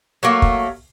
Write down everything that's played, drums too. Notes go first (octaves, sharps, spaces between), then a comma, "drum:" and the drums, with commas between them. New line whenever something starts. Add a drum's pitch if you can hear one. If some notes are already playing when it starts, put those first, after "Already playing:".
F#3 A3 A#3
drum: kick